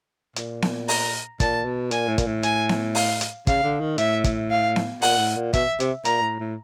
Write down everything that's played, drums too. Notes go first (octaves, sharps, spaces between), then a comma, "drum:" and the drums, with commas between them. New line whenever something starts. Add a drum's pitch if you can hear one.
A#2, drum: hi-hat
drum: snare B3
A#5, drum: open hi-hat
A#2 A5, drum: kick, hi-hat
B2
A#2 G#5, drum: hi-hat
A2
A#2, drum: kick, hi-hat
A2
G#5, drum: hi-hat
drum: snare B3
F5, drum: open hi-hat
drum: hi-hat
C#3 F5, drum: kick, hi-hat
D3
D#3
A2 E5, drum: hi-hat
drum: kick, hi-hat
F5
drum: snare B3
A#2 F#5, drum: open hi-hat
A2
A#2
B2 E5, drum: kick, hi-hat
C3, drum: hi-hat
A#2 A#5, drum: hi-hat
A2
A2